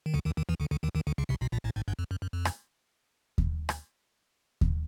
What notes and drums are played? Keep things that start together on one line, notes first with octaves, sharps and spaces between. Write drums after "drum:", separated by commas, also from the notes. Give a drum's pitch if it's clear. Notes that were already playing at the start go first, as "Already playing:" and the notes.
D#3
D2 D3
D#2 D#3
D#2 D#3
E2 E3
D2 D3
D2 D3
D#2 D#3
D#2 D#3
D2 D3
C#2 C#3
C2 C3
B1 B2
A#1 A#2
A1 A2
G#1 G#2
G1 G2
F2
F#2
F#2
F2
drum: rim click
drum: kick D#2
drum: rim click
drum: kick D#2